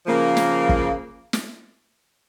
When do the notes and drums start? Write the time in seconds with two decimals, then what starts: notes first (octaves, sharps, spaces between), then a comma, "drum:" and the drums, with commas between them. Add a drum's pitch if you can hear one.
0.06 C#3 F3 A#3
0.37 drum: snare
0.69 drum: kick
1.33 drum: snare